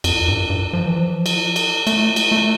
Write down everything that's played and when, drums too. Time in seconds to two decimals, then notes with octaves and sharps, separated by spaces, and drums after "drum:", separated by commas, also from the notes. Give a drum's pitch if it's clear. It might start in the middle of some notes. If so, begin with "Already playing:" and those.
0.04 F2, drum: cymbal
0.28 G2
0.50 G2
0.73 F3
0.86 E3
0.98 F3
1.26 drum: cymbal
1.56 drum: cymbal
1.87 A3, drum: cymbal
2.16 drum: cymbal
2.32 A3